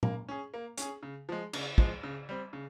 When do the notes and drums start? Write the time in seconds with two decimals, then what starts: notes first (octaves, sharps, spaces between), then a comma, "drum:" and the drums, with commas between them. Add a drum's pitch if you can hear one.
0.03 A#3, drum: tom A#2
0.29 C#4 G#4
0.54 A#3
0.78 C#4 G#4, drum: hi-hat
1.03 C#3
1.29 F3 G#3
1.53 C#3, drum: cymbal
1.78 F3 G#3, drum: kick
2.03 C#3
2.29 G3 C4
2.53 C#3